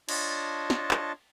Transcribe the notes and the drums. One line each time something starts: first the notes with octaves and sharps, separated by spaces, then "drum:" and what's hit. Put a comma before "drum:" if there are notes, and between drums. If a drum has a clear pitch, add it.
D4 F4 C#5 D#5 A5, drum: cymbal
drum: snare
drum: clap